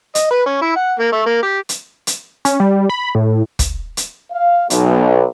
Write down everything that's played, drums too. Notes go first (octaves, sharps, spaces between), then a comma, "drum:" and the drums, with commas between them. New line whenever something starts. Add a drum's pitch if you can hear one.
D#5, drum: hi-hat
B4
C#4
E4
F#5
A#3
A3
A#3
G4
drum: hi-hat
drum: hi-hat
C#4, drum: hi-hat
G3
B5
A2
drum: kick, hi-hat
drum: hi-hat
F5
B1, drum: hi-hat